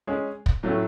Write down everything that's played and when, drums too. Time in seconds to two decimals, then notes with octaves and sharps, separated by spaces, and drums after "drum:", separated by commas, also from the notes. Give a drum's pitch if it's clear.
0.07 G#3 C#4 G#4
0.46 drum: kick
0.63 A2 F#3 A3 C#4 E4